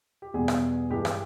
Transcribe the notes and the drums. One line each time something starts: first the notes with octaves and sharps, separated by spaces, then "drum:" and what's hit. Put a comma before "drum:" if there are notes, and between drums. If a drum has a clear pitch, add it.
G4
E2 B2 G3 G#4
drum: rim click
G2 E3 G#3 G4
drum: rim click